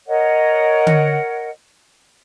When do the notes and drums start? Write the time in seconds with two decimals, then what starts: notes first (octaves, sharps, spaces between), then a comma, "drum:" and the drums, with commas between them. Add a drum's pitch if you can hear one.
0.07 A#4 C#5 D#5 F#5
0.87 drum: tom D3